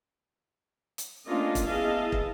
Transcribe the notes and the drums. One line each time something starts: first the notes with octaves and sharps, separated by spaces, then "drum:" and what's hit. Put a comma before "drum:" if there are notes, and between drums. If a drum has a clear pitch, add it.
drum: hi-hat
A3 A#3 C#4 D4 F4 D#5
drum: kick, hi-hat
B3 E4 G#4 D#5 F5 A5
drum: kick